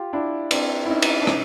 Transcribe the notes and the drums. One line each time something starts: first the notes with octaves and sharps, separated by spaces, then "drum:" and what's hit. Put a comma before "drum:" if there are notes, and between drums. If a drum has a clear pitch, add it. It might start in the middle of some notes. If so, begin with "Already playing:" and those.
Already playing: F4 G4
D4 E4
C4 D4, drum: cymbal
E4
C#4 D#4
drum: cymbal
D4
C#4 D#4, drum: rim click